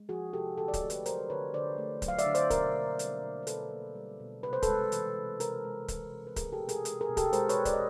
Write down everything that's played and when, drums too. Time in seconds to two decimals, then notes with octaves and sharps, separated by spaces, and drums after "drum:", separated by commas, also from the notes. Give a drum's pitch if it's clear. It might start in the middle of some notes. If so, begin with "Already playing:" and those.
Already playing: G#3
0.09 F3 F#4 G#4
0.33 C3 G4 A4
0.57 D3 G4 A4
0.68 D5
0.73 C#5 D#5, drum: kick C#1, hi-hat
0.82 A3
0.90 A4 B4, drum: hi-hat
1.06 F#3 A#4 C5, drum: hi-hat
1.30 D3 B4 C#5
1.54 D3 C5 D5
1.78 A3
2.02 F#3, drum: kick C#1, hi-hat
2.08 F5
2.18 D5 E5, drum: hi-hat
2.26 D3
2.35 C5 D5, drum: hi-hat
2.50 B2 A#4 C5, drum: kick C#1, hi-hat
2.75 A#3
2.99 G3, drum: hi-hat
3.23 B2
3.43 C5
3.47 B2 A4 B4, drum: hi-hat
3.71 A#3
3.95 G3
4.20 B2
4.43 C3 B4
4.53 C5
4.63 A4 B4, drum: kick C#1, hi-hat
4.68 G#3
4.92 E3, drum: hi-hat
5.16 C3
5.40 C3 A#4 C5, drum: hi-hat
5.64 G#3
5.88 E3, drum: kick C#1, hi-hat
6.12 C3
6.27 B4
6.36 G#3 G#4 A#4, drum: kick C#1, hi-hat
6.53 G4 A4
6.60 B2
6.69 G#4 A#4, drum: hi-hat
6.85 G#3, drum: hi-hat
7.01 G#4 A#4
7.09 B2
7.17 G4 A4, drum: kick C#1, hi-hat
7.33 G#3 A#4 C5, drum: hi-hat
7.49 B4 C#5, drum: hi-hat
7.57 B2
7.65 D5, drum: kick C#1, hi-hat
7.74 D#5